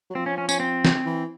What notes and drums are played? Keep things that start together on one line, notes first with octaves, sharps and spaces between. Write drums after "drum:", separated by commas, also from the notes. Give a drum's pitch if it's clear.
F#3
F3 C4
C#4
C#4
C#4, drum: tambourine
C4
drum: snare
E3